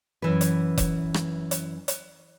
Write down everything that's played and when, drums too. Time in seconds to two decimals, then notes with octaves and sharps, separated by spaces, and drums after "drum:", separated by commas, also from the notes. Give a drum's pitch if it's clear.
0.22 F#2 E3 B4
0.41 drum: hi-hat
0.78 drum: kick F1, hi-hat
1.14 drum: rim click
1.51 drum: hi-hat
1.88 drum: hi-hat